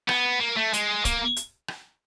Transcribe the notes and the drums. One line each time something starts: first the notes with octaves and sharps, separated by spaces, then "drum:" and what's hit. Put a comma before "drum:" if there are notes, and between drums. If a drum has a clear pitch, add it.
B3, drum: rim click
A#3
A3
G#3, drum: hi-hat
A#3, drum: kick, hi-hat
drum: hi-hat
drum: rim click